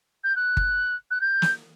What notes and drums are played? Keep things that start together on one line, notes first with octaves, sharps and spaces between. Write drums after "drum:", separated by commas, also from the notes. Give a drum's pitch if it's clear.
G6
F#6
drum: kick G1
F#6
G6
drum: snare